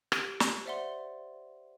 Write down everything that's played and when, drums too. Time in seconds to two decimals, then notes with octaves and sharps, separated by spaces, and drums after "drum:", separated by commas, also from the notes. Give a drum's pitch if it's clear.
0.12 G4 D7, drum: rim click
0.40 drum: snare
0.66 C5 D5 E5 F#5 C6